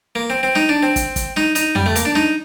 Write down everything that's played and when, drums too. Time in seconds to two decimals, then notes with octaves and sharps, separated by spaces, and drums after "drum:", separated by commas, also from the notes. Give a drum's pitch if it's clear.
0.15 A#3
0.30 C4
0.43 C4
0.55 D#4, drum: snare
0.69 D4
0.83 C4
0.96 drum: kick, hi-hat
1.16 drum: kick, hi-hat
1.36 D#4, drum: snare
1.55 D#4, drum: hi-hat
1.75 G3, drum: tom
1.86 A3
1.96 A#3, drum: hi-hat
2.05 D4
2.15 D#4, drum: snare